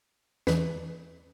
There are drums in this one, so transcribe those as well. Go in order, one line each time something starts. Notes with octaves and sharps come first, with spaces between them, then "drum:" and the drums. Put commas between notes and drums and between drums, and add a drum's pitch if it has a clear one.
E2 E3 B4, drum: snare